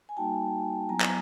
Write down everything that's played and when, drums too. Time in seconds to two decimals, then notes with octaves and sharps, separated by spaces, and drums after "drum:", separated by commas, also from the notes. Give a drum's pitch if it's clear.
0.09 G#5
0.17 G3 A#3 D#4 F#4 G5 A5
0.89 F#3 B3 E4 G#5 A#5
1.01 drum: clap